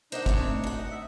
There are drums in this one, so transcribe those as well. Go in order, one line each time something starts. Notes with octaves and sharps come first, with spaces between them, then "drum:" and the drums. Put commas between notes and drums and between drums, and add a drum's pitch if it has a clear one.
D4 D#4 C5 D#5 F#5
A3 C4 C#5, drum: kick
D2 F#5
D#5
E5